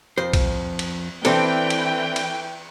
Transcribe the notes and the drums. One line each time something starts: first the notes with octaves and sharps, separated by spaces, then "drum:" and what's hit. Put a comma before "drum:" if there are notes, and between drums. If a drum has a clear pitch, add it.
F2 C5
drum: kick B1, cymbal
drum: cymbal
E3 C4 D4 A4 G5, drum: cymbal
drum: cymbal
drum: cymbal